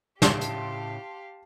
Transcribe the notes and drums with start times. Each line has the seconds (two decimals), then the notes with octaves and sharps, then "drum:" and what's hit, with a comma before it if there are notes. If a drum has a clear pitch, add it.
0.22 A2 C#3 G4 F5 A5 C6, drum: snare
0.41 drum: hi-hat